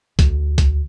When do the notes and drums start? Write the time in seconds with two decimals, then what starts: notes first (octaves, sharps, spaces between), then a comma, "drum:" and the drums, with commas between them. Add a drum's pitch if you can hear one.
0.19 D2, drum: kick B1, hi-hat
0.58 drum: kick B1, hi-hat